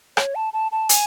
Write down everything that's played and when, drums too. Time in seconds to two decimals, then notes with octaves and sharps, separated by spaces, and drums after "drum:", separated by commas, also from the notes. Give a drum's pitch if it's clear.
0.17 C#5, drum: rim click
0.35 A5
0.53 A5
0.72 A5
0.89 G#5, drum: hi-hat